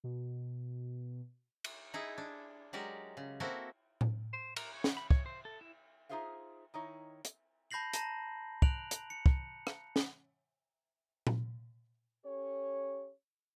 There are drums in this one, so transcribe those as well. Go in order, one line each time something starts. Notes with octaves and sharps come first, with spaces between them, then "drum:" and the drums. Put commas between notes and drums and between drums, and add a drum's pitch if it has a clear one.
B2
drum: cymbal
D#4 E4 G#4
D4
F#3 G#3 G4 A#4 D5
C#3
A#3 C4 E4 F#4 A4 A#4
drum: tom A2
C5
A#4, drum: cymbal
C#5
drum: snare
B5
C#5, drum: kick
C5
A4
E4
D#4 F4 G#4 C5 E5 F5
D#3 D#4 E4 C#5
drum: hi-hat
A5 B5 G6 A#6 C7 F#7
A5 A#5 A#6, drum: hi-hat
F#6 D7 F7 F#7, drum: kick
drum: hi-hat
C#7
drum: kick
drum: rim click
drum: snare
drum: tom A#2
C#4 G4 A4 C#5